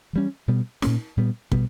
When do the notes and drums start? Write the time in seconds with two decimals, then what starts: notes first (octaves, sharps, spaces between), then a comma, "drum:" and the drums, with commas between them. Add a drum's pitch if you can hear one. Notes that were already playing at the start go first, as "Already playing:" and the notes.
0.13 E3 G3 C#4
0.48 B2 G3 B3
0.82 A#2 A#3 C#4, drum: snare
1.17 A#2 G3 B3
1.52 B2 G3 B3, drum: kick